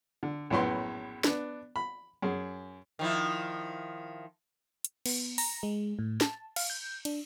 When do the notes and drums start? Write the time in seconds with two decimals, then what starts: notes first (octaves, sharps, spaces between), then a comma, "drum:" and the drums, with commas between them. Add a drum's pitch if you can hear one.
0.23 D3
0.50 A#1 F#2 A2 B3 C6
1.24 B3 D4, drum: snare
1.76 B5
2.22 F#2 G#4
2.99 D#3 F3 E4
4.85 drum: hi-hat
5.06 B3, drum: cymbal
5.38 A#5, drum: open hi-hat
5.63 G#3
5.99 A2
6.21 A5, drum: snare
6.56 F5, drum: cymbal
6.70 G6
7.05 D4, drum: cymbal